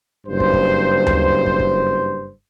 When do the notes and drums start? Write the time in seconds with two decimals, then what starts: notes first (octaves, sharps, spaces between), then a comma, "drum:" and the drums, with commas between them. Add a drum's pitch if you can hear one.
0.27 F#1 G2 C5
0.40 drum: kick
0.53 drum: kick
1.07 drum: tom D2
1.46 drum: kick
1.60 drum: kick